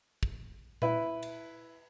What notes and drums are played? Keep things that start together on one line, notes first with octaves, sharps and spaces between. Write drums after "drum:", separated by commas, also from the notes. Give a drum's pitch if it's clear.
drum: kick
E4 B4, drum: tom A#2
drum: cymbal